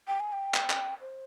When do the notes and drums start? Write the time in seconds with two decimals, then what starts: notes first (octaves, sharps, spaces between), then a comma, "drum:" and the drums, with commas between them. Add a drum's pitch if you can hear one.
0.07 G5
0.20 G#5
0.32 G5
0.54 drum: clap
0.70 drum: clap
1.01 C5